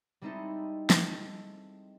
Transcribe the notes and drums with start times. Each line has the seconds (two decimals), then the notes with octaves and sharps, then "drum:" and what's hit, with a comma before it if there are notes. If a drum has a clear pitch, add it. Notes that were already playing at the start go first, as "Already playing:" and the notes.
0.21 G3 G#3 C4 D#4 E4 A4
0.90 G#3 A4, drum: snare